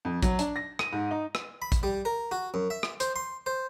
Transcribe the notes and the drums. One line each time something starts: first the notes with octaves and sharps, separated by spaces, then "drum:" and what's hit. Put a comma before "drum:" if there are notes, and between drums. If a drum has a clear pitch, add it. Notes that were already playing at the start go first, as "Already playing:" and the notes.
F2
F#3, drum: kick, hi-hat
D4, drum: hi-hat
A#6
D#7, drum: rim click
G#2
D#4
drum: rim click
B5
drum: kick, hi-hat
G3
A#4
F#4
F#2
E5
drum: rim click
C5, drum: hi-hat
C6
C5